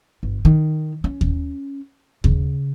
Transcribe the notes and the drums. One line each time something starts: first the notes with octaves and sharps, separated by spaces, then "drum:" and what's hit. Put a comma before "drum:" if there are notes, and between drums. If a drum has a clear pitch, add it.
G1
D#3
C#4
drum: kick D#2
C#3, drum: kick D#2